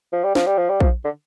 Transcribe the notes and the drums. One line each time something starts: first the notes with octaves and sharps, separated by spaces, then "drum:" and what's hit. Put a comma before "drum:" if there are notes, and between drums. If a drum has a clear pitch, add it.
F3
G3
F3, drum: snare
G3
F3
G3
F3, drum: kick A#1
D3